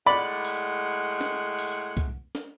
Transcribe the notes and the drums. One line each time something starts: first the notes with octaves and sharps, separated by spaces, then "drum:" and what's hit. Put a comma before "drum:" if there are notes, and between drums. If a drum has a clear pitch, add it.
A2 G#3 D5 F#5 B5, drum: hi-hat
drum: open hi-hat
drum: snare
drum: open hi-hat
drum: kick C2, hi-hat
drum: snare